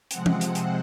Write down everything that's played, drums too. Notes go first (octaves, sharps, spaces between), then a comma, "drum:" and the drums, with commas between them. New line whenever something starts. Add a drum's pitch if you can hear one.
C3 F3 G#3 C4 F#5, drum: hi-hat
drum: tom E3
C5, drum: hi-hat
drum: hi-hat